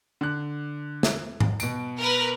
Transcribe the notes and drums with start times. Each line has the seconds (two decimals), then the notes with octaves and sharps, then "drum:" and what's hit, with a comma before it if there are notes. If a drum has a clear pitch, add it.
0.21 D3 F#6
1.03 drum: snare
1.40 drum: tom G#2
1.60 B2 D7, drum: tambourine
1.99 A#4 B4